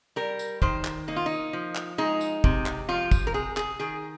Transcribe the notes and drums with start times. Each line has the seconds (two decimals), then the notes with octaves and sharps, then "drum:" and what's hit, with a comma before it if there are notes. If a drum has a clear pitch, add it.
0.16 G3 A#4
0.39 drum: tambourine
0.62 D#3 C5, drum: kick
0.85 drum: clap
1.08 A#3 D#4
1.16 F4
1.26 D#4
1.53 F3
1.75 drum: clap
1.98 G#3 D#4
2.21 drum: tambourine
2.44 C3, drum: kick
2.66 drum: clap
2.89 F3 F4
3.11 drum: kick, tambourine
3.27 A#4
3.34 C3 G#4
3.57 G#4, drum: clap
3.80 D#3 G#4